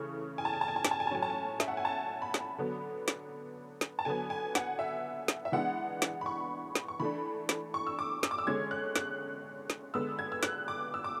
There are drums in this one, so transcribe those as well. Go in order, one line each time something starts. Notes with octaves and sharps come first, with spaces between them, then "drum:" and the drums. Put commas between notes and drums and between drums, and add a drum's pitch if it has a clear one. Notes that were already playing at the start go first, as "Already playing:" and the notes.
Already playing: C#3 E3 A3 C#6
G#5
A5
G#5
A5
G#5
A5
G#5, drum: snare
A5
G#5
A5
A2 F#3 C#4 G#5
A5
G#5
E5, drum: snare
F#5
G#5
A5
B5
drum: snare
D3 F#3 B3
drum: snare
drum: snare
A5
D3 F#3 B3 G#5
G#5
F#5, drum: snare
E5
drum: snare
E5
E3 G#3 B3 D4 F#5
drum: snare
B5
C#6
drum: snare
C#6
E3 A3 D4 B5
drum: snare
C#6
E6
D6
E6, drum: snare
D6
E6
D3 G#3 C#4 G#6
F#6
F#6, drum: snare
drum: snare
D3 G#3 B3 E6
G#6
E6
F#6, drum: snare
D6
E6
D6